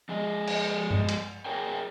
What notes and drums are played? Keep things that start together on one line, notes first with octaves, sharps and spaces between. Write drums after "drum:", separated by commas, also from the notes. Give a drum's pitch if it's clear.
F3 G#3 G#4 D#5
drum: cymbal
drum: tom G2
drum: hi-hat
G#4 A#4 C#5 G5 G#5